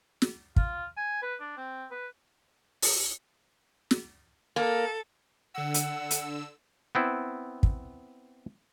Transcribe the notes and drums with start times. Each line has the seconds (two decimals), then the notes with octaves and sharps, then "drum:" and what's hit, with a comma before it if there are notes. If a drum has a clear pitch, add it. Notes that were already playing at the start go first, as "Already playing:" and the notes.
0.22 drum: snare
0.56 F4, drum: kick
0.97 G#5
1.22 B4
1.40 D4
1.57 C4
1.91 B4
2.82 drum: open hi-hat
3.91 drum: snare
4.56 A#3 A4
5.55 D3 F#5 E6
5.74 drum: hi-hat
6.11 drum: hi-hat
6.95 B3 C4 E4
7.63 drum: kick